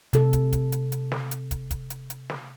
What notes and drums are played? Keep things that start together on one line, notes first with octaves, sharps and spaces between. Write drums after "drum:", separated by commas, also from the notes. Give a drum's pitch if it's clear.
C3 A4, drum: hi-hat
drum: kick, hi-hat
drum: kick, hi-hat
drum: hi-hat
drum: hi-hat
drum: snare
drum: hi-hat
drum: kick, hi-hat
drum: kick, hi-hat
drum: hi-hat
drum: hi-hat
drum: snare